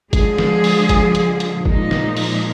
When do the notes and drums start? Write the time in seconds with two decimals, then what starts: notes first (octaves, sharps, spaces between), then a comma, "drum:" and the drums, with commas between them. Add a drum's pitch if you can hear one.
0.13 D3 F3 G#3 G#4, drum: kick G#1, hi-hat
0.38 drum: snare
0.64 drum: open hi-hat
0.89 drum: kick G#1, hi-hat
1.15 drum: hi-hat
1.40 drum: hi-hat
1.65 A#2 F3 G#3 D#4, drum: kick G#1
1.91 drum: snare
2.17 drum: open hi-hat